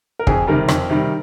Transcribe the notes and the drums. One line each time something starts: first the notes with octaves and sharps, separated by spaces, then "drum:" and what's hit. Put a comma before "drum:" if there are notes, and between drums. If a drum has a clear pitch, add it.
A#4
F2 G#4, drum: kick
C3 D#3 G3 A#4
F2, drum: rim click
C3 D#3 G3